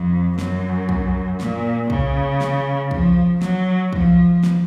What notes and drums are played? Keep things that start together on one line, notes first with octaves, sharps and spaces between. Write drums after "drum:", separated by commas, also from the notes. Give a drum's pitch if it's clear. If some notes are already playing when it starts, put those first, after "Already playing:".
Already playing: F2
F#2, drum: snare
drum: kick
A#2, drum: snare
C#3, drum: kick
drum: snare
F3, drum: kick
F#3, drum: snare
F3, drum: kick
drum: snare